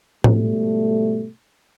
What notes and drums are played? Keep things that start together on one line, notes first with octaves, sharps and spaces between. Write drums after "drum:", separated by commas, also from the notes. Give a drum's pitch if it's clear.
G#2 B2 F3 G3 A3, drum: tom A2